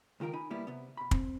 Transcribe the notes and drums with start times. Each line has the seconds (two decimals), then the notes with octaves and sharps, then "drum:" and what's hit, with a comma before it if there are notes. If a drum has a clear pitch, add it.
0.20 C#2 D#3 F4 A#4 G5
0.33 D#4 G#5 B5
0.50 B2 G3 A#3 B3 E4 G4
0.67 C3 B3
0.97 B2 B5
1.11 C4, drum: kick